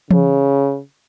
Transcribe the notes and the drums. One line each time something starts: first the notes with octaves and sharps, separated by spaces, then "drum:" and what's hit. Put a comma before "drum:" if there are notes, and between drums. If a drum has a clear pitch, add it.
C#3, drum: tom E3